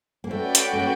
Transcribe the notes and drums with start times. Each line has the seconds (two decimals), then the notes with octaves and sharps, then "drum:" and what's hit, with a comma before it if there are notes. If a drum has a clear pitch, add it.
0.24 A#3
0.30 A3 C#4 F#4 B4 D5 G5
0.55 drum: hi-hat
0.73 A3
0.79 A#3